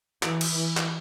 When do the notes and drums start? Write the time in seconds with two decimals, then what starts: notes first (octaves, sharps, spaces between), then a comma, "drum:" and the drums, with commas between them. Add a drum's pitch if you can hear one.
0.23 E3, drum: clap
0.41 drum: cymbal
0.54 E3
0.77 drum: clap